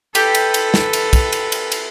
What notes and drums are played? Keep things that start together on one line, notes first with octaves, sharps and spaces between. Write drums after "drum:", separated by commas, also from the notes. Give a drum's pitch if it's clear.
G4 A4 B4, drum: cymbal
drum: cymbal
drum: cymbal
drum: snare
drum: cymbal
drum: kick, cymbal
drum: cymbal
drum: cymbal
drum: cymbal